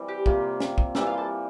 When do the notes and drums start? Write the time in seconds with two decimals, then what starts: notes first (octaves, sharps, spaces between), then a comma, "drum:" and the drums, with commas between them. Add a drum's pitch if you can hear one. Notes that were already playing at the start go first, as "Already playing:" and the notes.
Already playing: E3 G3 C4
0.08 G4
0.26 C3 G3 A#3 F4, drum: kick
0.60 drum: snare
0.78 drum: kick
0.95 E3 G3 A3 A#3 A4, drum: snare
1.07 F4 F5
1.18 A4 A5